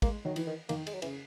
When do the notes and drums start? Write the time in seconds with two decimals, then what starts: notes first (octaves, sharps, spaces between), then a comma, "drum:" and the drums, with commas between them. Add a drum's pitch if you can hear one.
0.02 G#3 A#3, drum: kick, cymbal
0.25 D#3 F#3
0.36 E3, drum: cymbal
0.47 D#3
0.69 D#3 A#3, drum: cymbal
0.87 G#3, drum: cymbal
0.94 F#3
1.02 C#3 E3, drum: cymbal